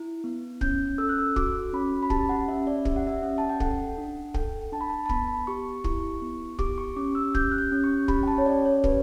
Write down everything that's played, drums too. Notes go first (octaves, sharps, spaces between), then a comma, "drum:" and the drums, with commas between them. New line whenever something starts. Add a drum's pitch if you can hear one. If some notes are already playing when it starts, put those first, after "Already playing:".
Already playing: E4
B3
C#4 G6, drum: kick
A4 E6
F#6
E6
F#4 D6, drum: kick
C#4 B5
B5
G4 A5, drum: kick
F#5
C#4 E5
D5
G4 E5, drum: kick
F#5
E5
C#4 F#5
A5
G5
A4 F#5, drum: kick
D4
A4 G5, drum: kick
D4 A5
B5
A5
A5
B3 B5, drum: kick
G4 C#6
E4 C#6, drum: kick
B3
G4 D6, drum: kick
C#6
C#4 D6
E6
G4 G6, drum: kick
F#6
G6
C#4
C#6
G4 B5, drum: kick
G5
A5
C#5
C#4 D5
C#5
G4 B4, drum: kick